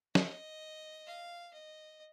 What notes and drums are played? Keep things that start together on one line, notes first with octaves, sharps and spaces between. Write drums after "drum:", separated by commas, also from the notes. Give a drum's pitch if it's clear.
D#5, drum: snare
F5
D#5